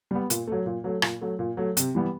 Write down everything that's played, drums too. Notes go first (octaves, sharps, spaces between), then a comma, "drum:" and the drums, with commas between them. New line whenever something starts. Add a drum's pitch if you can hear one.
G3 B3
A#2, drum: hi-hat
F#3 A3
A#2
F#3 A3
A#2, drum: rim click
F#3 A3
A#2
F#3 A3
C3, drum: hi-hat
E3 G3 B3